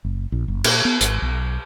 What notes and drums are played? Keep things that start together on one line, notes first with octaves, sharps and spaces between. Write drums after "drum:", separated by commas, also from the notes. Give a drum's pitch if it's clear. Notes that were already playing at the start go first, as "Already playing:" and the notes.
F#1
A#1
F#1
A#2, drum: cymbal
B3
G#1, drum: hi-hat
B1